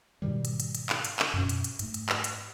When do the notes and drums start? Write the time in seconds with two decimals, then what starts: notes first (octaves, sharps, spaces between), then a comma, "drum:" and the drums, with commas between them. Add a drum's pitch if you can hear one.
0.22 G#2 B2 D#3 G3
0.45 drum: hi-hat
0.60 drum: hi-hat
0.75 drum: hi-hat
0.90 drum: clap
1.05 drum: hi-hat
1.19 drum: clap
1.34 F#2 B2 C#4
1.49 drum: hi-hat
1.64 drum: hi-hat
1.79 G#2 A3, drum: hi-hat
1.94 drum: hi-hat
2.09 drum: clap
2.24 drum: hi-hat